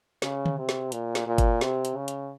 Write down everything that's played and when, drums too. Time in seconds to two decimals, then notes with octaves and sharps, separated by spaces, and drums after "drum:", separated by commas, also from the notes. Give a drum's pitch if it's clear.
0.22 C#3, drum: snare
0.46 drum: tom D3
0.57 C3
0.69 drum: snare
0.92 A#2, drum: hi-hat
1.15 drum: snare
1.27 A#2
1.38 drum: kick G1, hi-hat
1.61 C3, drum: snare
1.85 drum: hi-hat
1.96 C#3
2.08 drum: hi-hat